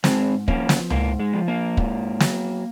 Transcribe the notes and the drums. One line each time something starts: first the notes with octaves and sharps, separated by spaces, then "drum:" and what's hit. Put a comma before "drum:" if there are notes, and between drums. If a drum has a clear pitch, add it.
G#2 G#3 C4, drum: snare
F3 A#3 C#4, drum: kick
drum: snare
G#2 A#3, drum: tom C#2
G#3
F3
A#3
G#2, drum: kick
F#3, drum: snare